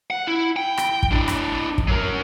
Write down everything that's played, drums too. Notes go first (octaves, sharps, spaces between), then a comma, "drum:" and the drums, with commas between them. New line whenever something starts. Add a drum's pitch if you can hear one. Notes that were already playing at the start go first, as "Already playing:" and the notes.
F#5
E4
G5
drum: rim click
drum: kick
D4 E4
drum: rim click
drum: kick
F#3 A#4